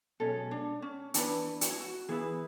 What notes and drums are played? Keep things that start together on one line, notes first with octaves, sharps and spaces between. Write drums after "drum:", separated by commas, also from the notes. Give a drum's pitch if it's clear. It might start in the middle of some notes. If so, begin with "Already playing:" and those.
B1 B2 G#3 C#4 A4
D4
C#4
E3 B3 D4 E4 B4, drum: hi-hat
F#4, drum: hi-hat
E4
F#4
E3 B3 E4 G#4 B4